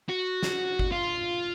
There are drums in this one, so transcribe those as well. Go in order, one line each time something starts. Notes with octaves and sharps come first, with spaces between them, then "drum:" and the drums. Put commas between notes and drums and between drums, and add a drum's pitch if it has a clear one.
F#4
drum: snare
drum: kick G1
F4